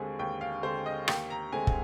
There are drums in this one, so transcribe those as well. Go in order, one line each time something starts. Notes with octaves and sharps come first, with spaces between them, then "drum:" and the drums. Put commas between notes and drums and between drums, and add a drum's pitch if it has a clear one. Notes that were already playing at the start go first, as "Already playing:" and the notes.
Already playing: D#2 D3 G#3 C4 G#5
D#2 G5
F5
D3 G#3 C4 C5
D#5
D#2 G5, drum: rim click
A#5
D3 G#3 C4 G#5
drum: kick